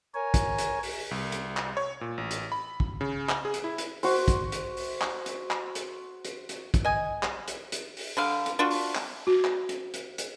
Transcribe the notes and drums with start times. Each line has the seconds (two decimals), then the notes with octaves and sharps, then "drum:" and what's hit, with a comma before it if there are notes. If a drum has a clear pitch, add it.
0.14 A#4 C#5 G#5
0.34 drum: kick, hi-hat
0.58 drum: hi-hat
0.83 drum: open hi-hat
1.11 C2
1.32 drum: hi-hat
1.57 drum: clap
1.77 C#5
2.01 A#2
2.18 A1
2.31 drum: hi-hat
2.52 B5
2.80 drum: kick
3.01 C#3
3.29 drum: clap
3.45 G#4
3.54 drum: hi-hat
3.64 E4
3.78 drum: hi-hat
4.03 F#4 C5, drum: open hi-hat
4.28 drum: kick, hi-hat
4.52 drum: hi-hat
4.77 drum: open hi-hat
5.01 drum: clap
5.26 drum: hi-hat
5.51 drum: clap
5.75 drum: hi-hat
6.25 drum: hi-hat
6.49 drum: hi-hat
6.74 drum: kick, hi-hat
6.85 D#5 G#5
7.23 drum: clap
7.48 drum: hi-hat
7.72 drum: hi-hat
7.97 drum: open hi-hat
8.17 D3 G3 F5
8.46 drum: hi-hat
8.59 D4 F4 F#4
8.71 drum: open hi-hat
8.95 drum: clap
9.27 F#4
9.45 drum: clap
9.69 drum: hi-hat
9.94 drum: hi-hat
10.18 drum: hi-hat